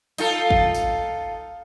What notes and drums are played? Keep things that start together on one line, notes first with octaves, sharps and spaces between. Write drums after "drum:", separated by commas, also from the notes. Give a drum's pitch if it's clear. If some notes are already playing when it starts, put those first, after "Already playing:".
D#4 F4 A4, drum: hi-hat
drum: kick
drum: tambourine